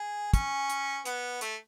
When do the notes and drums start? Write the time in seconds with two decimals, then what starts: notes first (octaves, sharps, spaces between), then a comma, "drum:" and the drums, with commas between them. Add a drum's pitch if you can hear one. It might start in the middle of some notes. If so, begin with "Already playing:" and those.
Already playing: G#4
0.34 C#4, drum: kick, hi-hat
0.70 drum: hi-hat
1.05 B3, drum: hi-hat
1.41 A3, drum: hi-hat